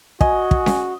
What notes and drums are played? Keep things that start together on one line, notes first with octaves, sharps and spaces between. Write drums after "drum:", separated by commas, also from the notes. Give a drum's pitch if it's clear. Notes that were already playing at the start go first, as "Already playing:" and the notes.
F#4 D#5 G#5, drum: kick
drum: kick
drum: snare C#4